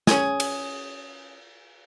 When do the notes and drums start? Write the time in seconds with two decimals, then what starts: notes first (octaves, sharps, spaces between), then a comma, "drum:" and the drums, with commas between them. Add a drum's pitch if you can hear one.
0.07 C#4 G#4, drum: snare
0.40 drum: cymbal